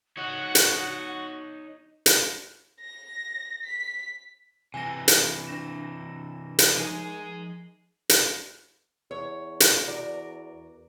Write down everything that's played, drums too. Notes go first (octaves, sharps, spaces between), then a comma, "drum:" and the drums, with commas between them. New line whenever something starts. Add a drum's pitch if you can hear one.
D#4 F#4 C#5 F#5
drum: hi-hat
drum: hi-hat
A#6
B6
C3 E3 G#5 A#6
drum: hi-hat
D4 A#6 E7
drum: hi-hat
F3 D#4 G#4 D#5
drum: hi-hat
E2 C#5
drum: hi-hat
F#4 A#4 D5